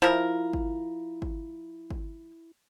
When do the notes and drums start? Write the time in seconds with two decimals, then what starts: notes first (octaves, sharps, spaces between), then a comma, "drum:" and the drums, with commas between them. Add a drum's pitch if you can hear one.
0.02 F3 E4 A#4
0.53 drum: kick
1.22 drum: kick
1.91 drum: kick